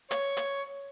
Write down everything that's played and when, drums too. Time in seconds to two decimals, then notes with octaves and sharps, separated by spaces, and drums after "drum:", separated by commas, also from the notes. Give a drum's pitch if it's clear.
0.11 C#5, drum: hi-hat
0.37 drum: hi-hat